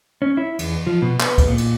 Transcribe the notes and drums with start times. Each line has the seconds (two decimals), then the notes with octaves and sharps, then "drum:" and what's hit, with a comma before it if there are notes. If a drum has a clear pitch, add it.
0.22 C#4
0.37 E4
0.59 E2, drum: cymbal
0.87 F3
1.02 B2
1.20 B3, drum: clap
1.38 drum: kick, cymbal
1.48 A#2
1.58 drum: cymbal